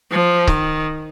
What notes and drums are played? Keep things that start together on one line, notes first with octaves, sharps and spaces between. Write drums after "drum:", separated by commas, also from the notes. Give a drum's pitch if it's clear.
F3
D#3, drum: kick C#1